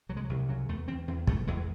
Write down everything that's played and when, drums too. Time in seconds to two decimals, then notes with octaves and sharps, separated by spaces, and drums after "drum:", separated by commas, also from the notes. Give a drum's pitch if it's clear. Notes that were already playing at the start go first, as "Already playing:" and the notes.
0.09 C2 F#3
0.17 G#3
0.24 F#3
0.29 C2
0.49 C#3 F#3
0.69 E2 A3
0.88 E2 C4
1.08 E2 C4
1.27 E2 A3, drum: kick
1.47 E2 G#3